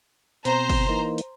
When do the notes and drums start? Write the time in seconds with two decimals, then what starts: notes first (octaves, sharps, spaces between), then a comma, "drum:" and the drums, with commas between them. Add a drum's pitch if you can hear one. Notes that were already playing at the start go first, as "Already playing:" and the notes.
0.45 B2 C4 C5 A#5, drum: hi-hat
0.70 drum: kick, open hi-hat
0.89 E3 A#3 D#4
1.18 drum: hi-hat